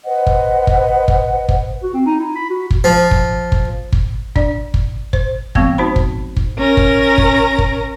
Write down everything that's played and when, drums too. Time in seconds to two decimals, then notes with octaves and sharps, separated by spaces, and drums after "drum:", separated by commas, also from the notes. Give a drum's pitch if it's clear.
0.04 B4 C5 D#5 F#5
0.27 drum: kick
0.67 drum: kick
1.08 drum: kick
1.49 drum: kick
1.83 F#4
1.94 C4
2.06 D#4
2.20 E4
2.35 B5
2.50 F#4
2.71 drum: kick
2.84 F3
3.11 drum: kick
3.52 drum: kick
3.93 drum: kick
4.36 D4 D5, drum: kick
4.74 drum: kick
5.13 C5, drum: kick
5.55 F3 G#3 B3 C4, drum: kick
5.78 D#4 F#4 C5 A5 B5
5.96 drum: kick
6.36 drum: kick
6.56 C#4 A#4 A#6
6.77 drum: kick
7.18 drum: kick
7.58 drum: kick